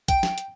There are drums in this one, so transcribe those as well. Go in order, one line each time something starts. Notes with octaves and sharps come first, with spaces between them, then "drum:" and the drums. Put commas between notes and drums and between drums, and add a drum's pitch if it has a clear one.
G5, drum: kick, hi-hat
drum: snare
drum: hi-hat